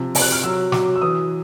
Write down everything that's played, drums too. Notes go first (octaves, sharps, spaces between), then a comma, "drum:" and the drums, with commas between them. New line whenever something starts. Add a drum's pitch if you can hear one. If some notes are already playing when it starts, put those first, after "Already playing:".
Already playing: C3 F3
C3, drum: open hi-hat
F#6
F6
F#3 E6
F#3 D6, drum: snare
E6
E3 D#6